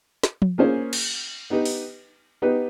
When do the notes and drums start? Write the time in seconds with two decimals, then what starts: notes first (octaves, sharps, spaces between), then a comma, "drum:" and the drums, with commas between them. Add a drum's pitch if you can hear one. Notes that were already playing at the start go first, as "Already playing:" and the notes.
0.23 drum: snare
0.42 drum: tom F3
0.58 A#3 C#4 F4 G#4 C5
0.93 drum: cymbal
1.50 B3 D#4 G4 B4
1.65 drum: open hi-hat
2.42 B3 D#4 G4 B4